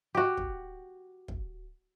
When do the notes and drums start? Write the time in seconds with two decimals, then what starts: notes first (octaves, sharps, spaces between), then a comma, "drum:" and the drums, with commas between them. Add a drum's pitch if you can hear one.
0.15 F#4 G4
0.37 drum: kick
1.28 drum: kick